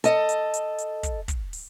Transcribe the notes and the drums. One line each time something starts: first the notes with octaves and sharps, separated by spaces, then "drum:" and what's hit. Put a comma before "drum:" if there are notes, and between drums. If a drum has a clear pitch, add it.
A4 D#5, drum: hi-hat
drum: hi-hat
drum: hi-hat
drum: hi-hat
drum: kick, hi-hat
drum: kick, hi-hat
drum: open hi-hat